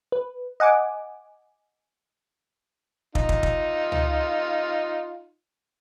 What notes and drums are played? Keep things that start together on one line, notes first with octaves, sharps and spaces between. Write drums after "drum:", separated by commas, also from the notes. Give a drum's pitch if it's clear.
B4
D#5 F#5 G#5 D6
D#4 F4, drum: kick
drum: kick
drum: kick
drum: tom C#2